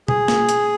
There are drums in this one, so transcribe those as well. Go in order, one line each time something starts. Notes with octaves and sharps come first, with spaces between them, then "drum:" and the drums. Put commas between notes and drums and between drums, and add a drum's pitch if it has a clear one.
G#4, drum: tom B2
drum: snare
drum: hi-hat